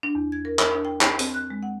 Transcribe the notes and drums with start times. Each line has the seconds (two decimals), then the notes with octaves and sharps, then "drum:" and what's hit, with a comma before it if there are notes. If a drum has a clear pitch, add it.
0.03 D4
0.15 E2
0.32 G#6
0.45 A#4
0.59 A#4, drum: clap
0.72 D4
0.85 G5
1.01 B5, drum: clap
1.19 C4, drum: open hi-hat
1.34 F#6
1.50 G#3
1.63 F#5